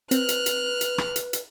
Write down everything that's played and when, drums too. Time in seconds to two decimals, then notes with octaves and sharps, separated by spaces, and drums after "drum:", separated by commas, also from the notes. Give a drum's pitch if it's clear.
0.11 C4 B4 F6 F#6, drum: hi-hat
0.29 drum: hi-hat
0.46 drum: hi-hat
0.81 drum: hi-hat
0.98 drum: rim click
1.16 drum: hi-hat
1.33 drum: hi-hat